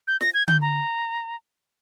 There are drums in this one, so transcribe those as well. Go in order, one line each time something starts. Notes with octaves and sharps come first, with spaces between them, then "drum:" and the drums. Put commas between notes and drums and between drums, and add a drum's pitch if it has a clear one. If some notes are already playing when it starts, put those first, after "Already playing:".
G6
A#6, drum: snare
G#6
G6, drum: tom D3
A#5